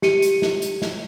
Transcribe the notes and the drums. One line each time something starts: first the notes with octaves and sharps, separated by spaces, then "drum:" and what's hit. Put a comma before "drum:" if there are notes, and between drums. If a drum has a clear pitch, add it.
G4 C#7 D#7, drum: snare
drum: hi-hat
drum: snare
drum: hi-hat
drum: snare